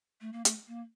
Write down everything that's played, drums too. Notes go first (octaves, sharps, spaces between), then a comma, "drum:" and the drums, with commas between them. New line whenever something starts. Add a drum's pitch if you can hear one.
A3
A#3
A3, drum: hi-hat
A#3